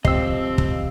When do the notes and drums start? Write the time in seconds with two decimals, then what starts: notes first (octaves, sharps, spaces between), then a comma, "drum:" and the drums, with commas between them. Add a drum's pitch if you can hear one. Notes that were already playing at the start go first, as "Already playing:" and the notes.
0.05 C#2 F3 C4 G4 D#5 E6 C7, drum: kick
0.58 drum: kick